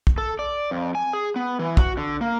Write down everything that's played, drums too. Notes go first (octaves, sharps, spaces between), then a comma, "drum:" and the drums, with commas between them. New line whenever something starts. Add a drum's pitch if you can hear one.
drum: kick
A4
D5
F2
G#5
G#4
B3
E3
F#4, drum: kick
D3
A#3